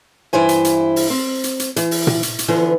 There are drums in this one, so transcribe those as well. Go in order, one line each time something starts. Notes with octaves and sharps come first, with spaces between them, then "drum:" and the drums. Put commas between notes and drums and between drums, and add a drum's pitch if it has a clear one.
G2 E3 E4 C5 G#5
drum: hi-hat
drum: hi-hat
drum: open hi-hat
C4
drum: hi-hat
drum: hi-hat
E3, drum: hi-hat
drum: open hi-hat
drum: tom A#2
drum: hi-hat
drum: hi-hat
D3 E3 F3 B3